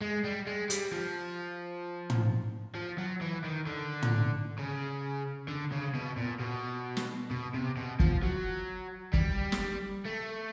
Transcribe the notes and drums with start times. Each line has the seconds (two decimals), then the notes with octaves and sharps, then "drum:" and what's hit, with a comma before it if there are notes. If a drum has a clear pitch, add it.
0.01 G#3
0.24 G3
0.47 G#3
0.70 G3, drum: hi-hat
0.93 F3
2.10 drum: tom
2.75 F3
2.98 F#3
3.21 E3
3.44 D#3
3.66 D3
4.02 drum: tom
4.58 C#3
5.48 D3
5.72 C#3
5.94 B2
6.17 A#2
6.40 B2
6.97 drum: snare
7.31 B2
7.55 C3
7.77 B2
8.00 F3, drum: kick
8.22 F#3
9.14 G3, drum: kick
9.52 drum: snare
10.05 A3